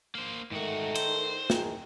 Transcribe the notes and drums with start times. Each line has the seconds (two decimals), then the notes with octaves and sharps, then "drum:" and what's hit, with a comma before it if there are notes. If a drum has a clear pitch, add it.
0.15 A#3 C5
0.52 G#2 D#3 A3 F#4
0.95 C5, drum: cymbal
1.50 D#3 E3 G#4, drum: snare